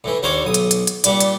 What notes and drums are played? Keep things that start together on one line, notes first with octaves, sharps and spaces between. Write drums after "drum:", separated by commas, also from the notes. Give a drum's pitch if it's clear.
A2 E3
D#2 D4 A#4 C5 C#5
B1 D#6
drum: hi-hat
drum: hi-hat
drum: hi-hat
A#2 G3 D4, drum: hi-hat
drum: hi-hat